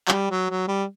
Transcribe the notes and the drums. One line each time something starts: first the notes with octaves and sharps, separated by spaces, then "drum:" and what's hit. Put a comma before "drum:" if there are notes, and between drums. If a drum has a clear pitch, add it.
F#3, drum: clap
G3
F#3
F#3
G3